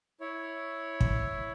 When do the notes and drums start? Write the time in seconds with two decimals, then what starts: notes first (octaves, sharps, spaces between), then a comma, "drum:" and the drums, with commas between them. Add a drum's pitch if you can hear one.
0.20 E4 C#5
1.01 drum: kick